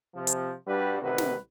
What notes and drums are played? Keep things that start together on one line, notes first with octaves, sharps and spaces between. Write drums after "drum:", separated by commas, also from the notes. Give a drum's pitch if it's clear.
C3 F3
drum: hi-hat
G2 G3 D4 F#4 B4
A1 C3 D#3 F#4 B4
drum: snare